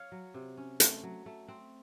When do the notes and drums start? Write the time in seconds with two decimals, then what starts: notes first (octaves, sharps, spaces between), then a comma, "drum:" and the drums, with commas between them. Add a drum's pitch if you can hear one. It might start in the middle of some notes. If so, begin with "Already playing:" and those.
Already playing: C#5 F5
0.12 F#3
0.34 C3
0.57 C#4
0.80 A3, drum: hi-hat
1.03 F#3
1.26 A3
1.48 C4